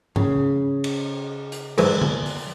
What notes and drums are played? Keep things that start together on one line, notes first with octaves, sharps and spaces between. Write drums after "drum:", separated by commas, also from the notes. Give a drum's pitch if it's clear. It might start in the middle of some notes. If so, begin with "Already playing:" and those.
C#3, drum: tom G#2
drum: cymbal
drum: hi-hat
G#2 E3, drum: cymbal
drum: tom
drum: open hi-hat